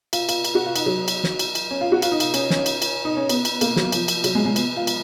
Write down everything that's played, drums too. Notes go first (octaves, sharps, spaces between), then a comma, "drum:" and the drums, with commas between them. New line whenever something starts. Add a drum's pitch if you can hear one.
F4, drum: cymbal
F4, drum: cymbal
drum: cymbal
F#4
F4
D#4, drum: cymbal
F#3
drum: cymbal
drum: snare
drum: cymbal
drum: cymbal
C#4
F4
F#4
F4, drum: cymbal
D#4
F4, drum: cymbal
C#4, drum: cymbal
C#4, drum: snare
drum: cymbal
drum: cymbal
D#4
C#4
B3, drum: cymbal
drum: cymbal
A#3, drum: cymbal
F#3, drum: snare
F3, drum: cymbal
drum: cymbal
F#3, drum: cymbal
G#3
G#3
B3, drum: cymbal
F4
drum: cymbal